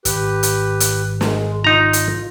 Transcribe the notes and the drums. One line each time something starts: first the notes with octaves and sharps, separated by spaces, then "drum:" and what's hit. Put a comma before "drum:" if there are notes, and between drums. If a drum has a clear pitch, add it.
G#1 G4 B4, drum: hi-hat
drum: hi-hat
drum: hi-hat
G#3, drum: snare
D#4 F4 A#5
drum: hi-hat